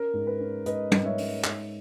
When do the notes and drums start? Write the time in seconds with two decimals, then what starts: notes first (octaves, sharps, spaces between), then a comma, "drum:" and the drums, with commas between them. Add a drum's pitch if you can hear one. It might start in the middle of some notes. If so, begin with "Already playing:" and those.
Already playing: C#4 A#4
0.13 G#2
0.27 B4
0.40 C#4
0.66 G#2 B4 D#5, drum: hi-hat
0.92 G#2, drum: tom
1.05 C#5 E5
1.18 C#4, drum: open hi-hat
1.44 G#2, drum: clap